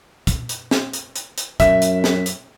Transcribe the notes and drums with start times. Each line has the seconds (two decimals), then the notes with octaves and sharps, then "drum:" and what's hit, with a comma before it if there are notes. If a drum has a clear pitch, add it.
0.27 drum: kick, hi-hat
0.49 drum: hi-hat
0.71 drum: snare
0.93 drum: hi-hat
1.16 drum: hi-hat
1.38 drum: hi-hat
1.60 F#2 E5, drum: kick, hi-hat
1.82 drum: hi-hat
2.04 drum: snare
2.26 drum: hi-hat